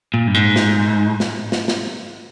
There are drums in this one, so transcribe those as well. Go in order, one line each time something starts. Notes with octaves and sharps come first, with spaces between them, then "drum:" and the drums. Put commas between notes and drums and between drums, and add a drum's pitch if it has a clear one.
A#2
G2
G#2
drum: snare
drum: snare
drum: snare
drum: snare